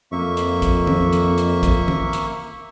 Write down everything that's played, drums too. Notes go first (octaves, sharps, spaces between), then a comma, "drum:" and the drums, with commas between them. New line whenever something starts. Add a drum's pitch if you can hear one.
F2 A#3 E5 C#6
drum: hi-hat
drum: kick, hi-hat
drum: tom
drum: hi-hat
drum: hi-hat
drum: kick, hi-hat
drum: tom
drum: hi-hat